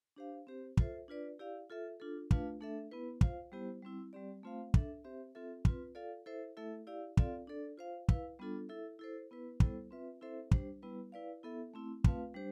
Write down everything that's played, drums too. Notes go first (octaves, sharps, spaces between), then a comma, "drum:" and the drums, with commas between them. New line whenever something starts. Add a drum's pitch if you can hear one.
D4 G4 C5 F5
C4 G4 C5
F4 A4 C5 E5, drum: kick
D4 F4 B4 D5
E4 G4 D5 F5
F4 A4 E5
D4 F4 A4
A3 D4 F4 B4 F5, drum: kick
A3 D4 A4 E5
B3 E4 B4
F4 C5 F5, drum: kick
G3 B3 E4 G4 C5
G3 C4 E4
G3 C4 G4 D5
A3 C4 F4 C5 F5
D4 A4 E5, drum: kick
C4 G4 C5 E5
C4 F4 A4 E5
C4 F4 B4, drum: kick
F4 A4 D5 F5
E4 A4 C5 E5
A3 E4 A4 E5
E4 G4 D5 F5
C4 F4 A4 D5 F5, drum: kick
D4 A4 D5
F4 C5 F5
E4 B4 F5, drum: kick
G3 B3 D4 F4 A4
E4 A4 E5
E4 A4 C5
B3 E4 B4
G3 B3 E4 A4 C5, drum: kick
C4 F4 B4 E5
C4 E4 A4 C5 E5
G3 D4 G4 C5, drum: kick
G3 B3 E4 B4
E4 B4 D5 F5
B3 E4 A4 E5
A3 C4 E4
A3 C4 F4 B4 F5, drum: kick
G3 D4 G4 C5